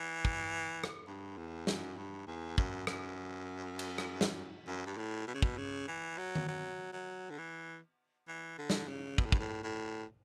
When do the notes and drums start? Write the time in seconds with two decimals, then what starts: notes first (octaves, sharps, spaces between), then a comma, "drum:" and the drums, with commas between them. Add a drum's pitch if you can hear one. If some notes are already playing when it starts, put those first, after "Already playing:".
Already playing: E3
0.25 drum: kick
0.84 drum: rim click
1.07 G2
1.37 E2
1.67 F#2, drum: snare
1.97 G2
2.27 E2
2.58 F#2, drum: kick
2.87 F#2, drum: rim click
3.79 drum: cymbal
3.98 drum: rim click
4.21 drum: snare
4.67 F#2
4.86 G2
4.97 A2
5.28 B2
5.34 C#3
5.42 B2, drum: kick
5.57 C#3
5.88 E3
6.18 F#3
6.35 drum: tom D#3
6.48 F#3
6.93 F#3
7.30 D3
7.38 E3
8.28 E3
8.58 D3
8.70 drum: snare
8.88 C#3
9.18 B2, drum: kick
9.25 A2
9.32 G2, drum: kick
9.39 A2
9.63 A2